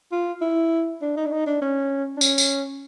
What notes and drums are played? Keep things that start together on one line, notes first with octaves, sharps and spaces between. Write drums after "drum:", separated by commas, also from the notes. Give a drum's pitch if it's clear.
F4
E4
D4
D#4
D4
D#4
D4
C#4
D4
C#4, drum: tambourine
drum: tambourine